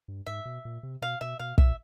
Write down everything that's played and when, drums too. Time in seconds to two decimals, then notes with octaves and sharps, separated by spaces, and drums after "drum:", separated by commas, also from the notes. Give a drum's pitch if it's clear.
0.08 G2
0.26 G#2 E5
0.45 B2
0.65 A#2
0.83 C3
1.02 B2 F5
1.21 B2 E5
1.39 B2 F5
1.58 A#2 E5, drum: kick